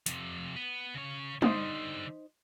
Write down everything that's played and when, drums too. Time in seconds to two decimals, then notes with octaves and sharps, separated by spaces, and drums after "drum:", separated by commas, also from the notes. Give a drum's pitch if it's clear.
0.06 F2 C3, drum: hi-hat
0.56 B3
0.95 C#3 C#5
1.42 D3 G3 D#4 C5, drum: tom